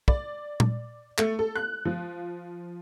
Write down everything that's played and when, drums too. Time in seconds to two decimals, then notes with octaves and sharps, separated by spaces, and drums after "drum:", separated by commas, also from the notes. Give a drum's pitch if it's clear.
0.08 D5, drum: kick
0.60 drum: tom A#2
1.18 A3, drum: clap
1.39 A4
1.56 F#6
1.85 F3